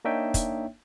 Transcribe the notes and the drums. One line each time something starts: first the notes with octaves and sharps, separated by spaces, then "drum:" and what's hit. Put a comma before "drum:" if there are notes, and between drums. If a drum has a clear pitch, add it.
A#3 D4 D#4 C#5 E5 G5
drum: kick, hi-hat